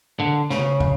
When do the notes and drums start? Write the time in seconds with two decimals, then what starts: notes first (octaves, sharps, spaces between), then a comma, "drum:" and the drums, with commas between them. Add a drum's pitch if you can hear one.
0.20 D3
0.50 C#3, drum: snare
0.80 drum: kick